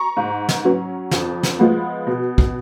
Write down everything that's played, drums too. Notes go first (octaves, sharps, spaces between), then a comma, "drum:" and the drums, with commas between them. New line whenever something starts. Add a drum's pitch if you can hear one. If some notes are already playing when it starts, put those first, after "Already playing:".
Already playing: A#5 C#6
G#2
drum: snare
F#3 C#4
F2, drum: snare
drum: snare
F3 G#3 B3
B2
drum: kick